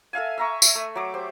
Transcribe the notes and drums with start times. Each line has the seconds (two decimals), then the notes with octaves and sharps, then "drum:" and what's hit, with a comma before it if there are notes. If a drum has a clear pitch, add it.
0.13 A4 E5 F5 G#5
0.38 E5 A#5 C#6
0.62 E5, drum: tambourine
0.75 A3
0.95 F#3 D6
1.14 G4 C5